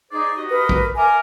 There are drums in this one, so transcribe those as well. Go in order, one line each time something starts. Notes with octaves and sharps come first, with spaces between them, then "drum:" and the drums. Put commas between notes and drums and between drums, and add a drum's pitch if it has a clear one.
D#4 G#4 C5 D5
F#4 G4 D#5
A#4 B4
drum: kick
A#4 E5 G#5 D6